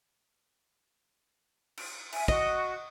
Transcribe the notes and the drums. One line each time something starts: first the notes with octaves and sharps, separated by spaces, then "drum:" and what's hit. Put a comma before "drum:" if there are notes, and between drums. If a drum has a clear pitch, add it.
drum: cymbal
E5 G#5, drum: cymbal
F#4 D#5, drum: kick